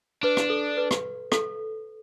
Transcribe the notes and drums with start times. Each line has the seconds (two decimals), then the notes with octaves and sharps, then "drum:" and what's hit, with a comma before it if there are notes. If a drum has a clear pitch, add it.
0.23 D4 B4
0.37 drum: rim click
0.50 A4
0.77 B4
0.91 drum: rim click
1.32 A4, drum: rim click